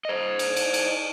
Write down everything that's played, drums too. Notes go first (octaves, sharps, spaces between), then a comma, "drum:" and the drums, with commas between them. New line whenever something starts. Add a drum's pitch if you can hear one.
C5 D#5
drum: cymbal
drum: cymbal
drum: cymbal